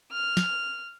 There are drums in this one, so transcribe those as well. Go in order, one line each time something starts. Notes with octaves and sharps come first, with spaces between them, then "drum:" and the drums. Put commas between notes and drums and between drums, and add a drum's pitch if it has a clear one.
F6
drum: snare